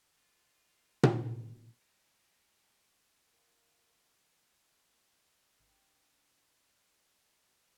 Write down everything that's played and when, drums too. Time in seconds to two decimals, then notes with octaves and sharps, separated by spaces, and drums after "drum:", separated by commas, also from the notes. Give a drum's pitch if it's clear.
0.18 F4
1.03 drum: tom A#2
1.82 G#3 A#4
3.30 D3 F4 A#4
5.60 G#1 G2 G4